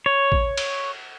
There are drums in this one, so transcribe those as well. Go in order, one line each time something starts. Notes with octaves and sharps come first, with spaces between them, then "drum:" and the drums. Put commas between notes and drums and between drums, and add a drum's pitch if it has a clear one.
C#5
drum: kick A1
drum: cymbal